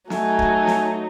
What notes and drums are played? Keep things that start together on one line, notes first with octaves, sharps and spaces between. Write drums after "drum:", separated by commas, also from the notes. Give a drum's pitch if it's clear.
F#3 A3 D#4 G#5, drum: snare
drum: kick
drum: snare